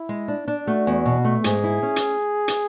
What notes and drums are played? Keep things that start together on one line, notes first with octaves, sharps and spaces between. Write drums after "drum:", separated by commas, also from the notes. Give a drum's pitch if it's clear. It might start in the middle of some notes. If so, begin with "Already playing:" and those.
Already playing: E4
G#3
D4
D4
A3 F#4
E2
B2
A3
G#2 G#4, drum: hi-hat
E4
C#4
drum: hi-hat
drum: hi-hat